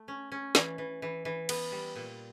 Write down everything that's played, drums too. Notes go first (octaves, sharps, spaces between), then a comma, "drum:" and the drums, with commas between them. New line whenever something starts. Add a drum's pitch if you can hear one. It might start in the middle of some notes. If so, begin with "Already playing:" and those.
Already playing: A3
C#4
C#4
E3, drum: snare
E3
E3
E3
B3, drum: cymbal
G3
A#2